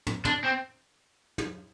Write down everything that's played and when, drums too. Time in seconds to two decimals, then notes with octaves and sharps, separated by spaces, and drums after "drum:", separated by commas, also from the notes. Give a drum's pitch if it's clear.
0.07 drum: tom
0.25 D4, drum: tom
0.44 C4
1.38 drum: tom